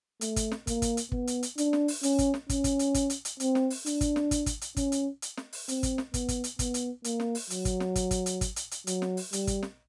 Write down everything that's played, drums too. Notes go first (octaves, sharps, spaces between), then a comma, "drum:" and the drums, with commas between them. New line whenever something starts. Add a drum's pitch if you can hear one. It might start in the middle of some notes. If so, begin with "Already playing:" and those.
A3, drum: hi-hat
drum: kick, hi-hat
drum: snare
A#3, drum: kick, hi-hat
drum: kick, hi-hat
drum: hi-hat
B3, drum: kick
drum: hi-hat
drum: hi-hat
D4, drum: hi-hat
drum: snare
drum: open hi-hat
C#4, drum: hi-hat
drum: kick, hi-hat
drum: snare
C#4, drum: kick, hi-hat
drum: kick, hi-hat
drum: hi-hat
drum: kick, hi-hat
drum: hi-hat
drum: hi-hat
C4, drum: hi-hat
drum: snare
drum: open hi-hat
D4, drum: hi-hat
drum: kick, hi-hat
drum: snare
drum: kick, hi-hat
drum: kick, hi-hat
drum: hi-hat
C#4, drum: kick, hi-hat
drum: hi-hat
drum: hi-hat
drum: snare
drum: open hi-hat
C4, drum: hi-hat
drum: kick, hi-hat
drum: snare
B3, drum: kick, hi-hat
drum: kick, hi-hat
drum: hi-hat
B3, drum: kick, hi-hat
drum: hi-hat
A#3, drum: hi-hat
drum: snare
drum: open hi-hat
F#3, drum: hi-hat
drum: kick, hi-hat
drum: snare
drum: kick, hi-hat
drum: kick, hi-hat
drum: hi-hat
drum: kick, hi-hat
drum: hi-hat
drum: hi-hat
F#3, drum: hi-hat
drum: snare
drum: open hi-hat
G3, drum: hi-hat
drum: kick, hi-hat
drum: snare